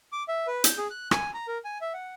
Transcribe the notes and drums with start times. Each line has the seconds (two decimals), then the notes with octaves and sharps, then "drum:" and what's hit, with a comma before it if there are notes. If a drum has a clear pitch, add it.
0.12 D6
0.28 E5
0.47 B4
0.64 G6, drum: hi-hat
0.78 G#4
0.91 F#6
1.11 G#5, drum: rim click
1.34 A#5
1.48 A#4
1.65 G#5
1.81 E5
1.94 F#5